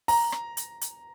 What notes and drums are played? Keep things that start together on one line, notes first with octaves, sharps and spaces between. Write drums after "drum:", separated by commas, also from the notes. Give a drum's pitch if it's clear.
A#5, drum: open hi-hat
drum: rim click
drum: hi-hat
drum: hi-hat